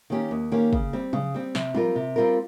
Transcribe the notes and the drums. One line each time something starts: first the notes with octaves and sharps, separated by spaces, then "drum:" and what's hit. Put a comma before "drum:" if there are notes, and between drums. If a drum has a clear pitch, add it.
D#3 A#3 C#4 G4
D#2
D#3 A#3 C#4 G4
C#3, drum: kick
G3 C4
C#3, drum: tom F3
G3 C4
C3, drum: snare
G3 C4 F4 A#4, drum: tom F3
C3
G3 C4 F4 A#4